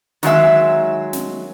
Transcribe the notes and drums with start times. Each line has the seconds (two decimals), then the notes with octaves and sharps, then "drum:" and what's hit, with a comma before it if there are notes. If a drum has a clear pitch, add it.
0.23 D#3 F#3 G#3 E5, drum: snare
1.13 drum: snare